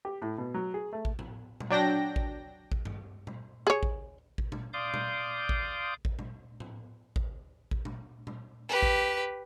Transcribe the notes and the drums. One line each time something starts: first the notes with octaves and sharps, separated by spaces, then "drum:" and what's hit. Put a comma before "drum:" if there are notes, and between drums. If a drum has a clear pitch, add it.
G4
A2
B2
F#3
G#4
A3
drum: kick A1
drum: tom A2
drum: tom A#2
F#3 D4 G5 A#6
drum: kick A1
drum: kick A1
drum: tom G2
drum: tom A#2
G#4 C#5
drum: kick A1
drum: kick A1
drum: tom A#2
D5 F5 C6 D6 D#6 G6
drum: tom A#2
drum: kick A1
drum: kick A1
drum: tom A#2
drum: tom A2
drum: kick A1
drum: kick A1
drum: tom A#2
drum: tom A#2
G4 B4
drum: kick A1